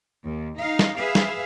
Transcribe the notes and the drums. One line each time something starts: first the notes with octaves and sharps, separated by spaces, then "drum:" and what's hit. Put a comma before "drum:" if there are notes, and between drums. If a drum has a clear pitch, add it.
D#2
D#4 F5
drum: snare
G#4 B4 E5 F5
drum: snare